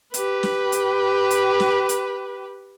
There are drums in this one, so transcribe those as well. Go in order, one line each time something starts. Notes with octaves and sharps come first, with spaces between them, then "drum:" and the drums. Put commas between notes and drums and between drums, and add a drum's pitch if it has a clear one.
G4 B4, drum: hi-hat
drum: snare
drum: hi-hat
drum: hi-hat
drum: snare
drum: hi-hat